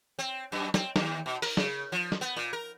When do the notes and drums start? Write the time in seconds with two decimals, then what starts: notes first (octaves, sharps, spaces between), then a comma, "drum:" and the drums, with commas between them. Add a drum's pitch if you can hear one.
0.19 C4
0.52 F#2
0.74 C4, drum: snare
0.96 D#2, drum: snare
1.26 B2
1.42 A#4, drum: open hi-hat
1.57 C#3, drum: snare
1.92 F3
2.12 drum: snare
2.21 B3
2.37 A#2
2.53 A#4